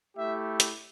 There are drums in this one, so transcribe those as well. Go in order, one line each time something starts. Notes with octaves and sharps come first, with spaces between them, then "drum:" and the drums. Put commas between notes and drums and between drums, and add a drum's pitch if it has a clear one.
A3 E4 G4 E5
drum: hi-hat